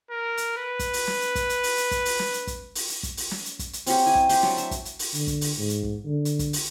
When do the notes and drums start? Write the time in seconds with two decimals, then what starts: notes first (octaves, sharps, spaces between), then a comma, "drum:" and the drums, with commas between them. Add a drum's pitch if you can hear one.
0.11 A#4
0.37 drum: hi-hat
0.57 B4
0.79 drum: kick, hi-hat
0.93 drum: open hi-hat
1.07 drum: snare
1.21 drum: hi-hat
1.35 drum: kick, hi-hat
1.49 drum: hi-hat
1.63 drum: open hi-hat
1.77 drum: hi-hat
1.91 drum: kick, hi-hat
2.05 drum: open hi-hat
2.19 drum: snare
2.33 drum: hi-hat
2.47 drum: kick, hi-hat
2.75 drum: open hi-hat
2.89 drum: hi-hat
3.03 drum: kick, hi-hat
3.17 drum: open hi-hat
3.31 drum: snare
3.45 drum: hi-hat
3.59 drum: kick, hi-hat
3.73 drum: hi-hat
3.86 C4 C#4 F#4 G4, drum: open hi-hat
4.06 E4 G#5
4.15 drum: kick
4.29 G4 C5, drum: open hi-hat
4.43 F#3 D4, drum: snare
4.57 E5, drum: hi-hat
4.71 drum: kick, hi-hat
4.85 drum: hi-hat
4.99 drum: open hi-hat
5.14 D3, drum: hi-hat
5.27 drum: kick, hi-hat
5.41 drum: open hi-hat
5.58 G#2
5.69 drum: hi-hat
5.83 drum: kick
6.06 D3
6.25 drum: hi-hat
6.39 drum: kick, hi-hat
6.53 drum: open hi-hat